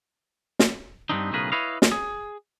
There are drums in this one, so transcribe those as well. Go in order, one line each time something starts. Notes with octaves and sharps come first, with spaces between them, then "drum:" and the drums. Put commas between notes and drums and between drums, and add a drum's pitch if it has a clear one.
drum: snare
G2 C#3 B3 C4 D4 D#4
B1 A2 C#3 G#4 A#4 B4
E4 B4 C#5 D#5 F5
drum: snare
G#4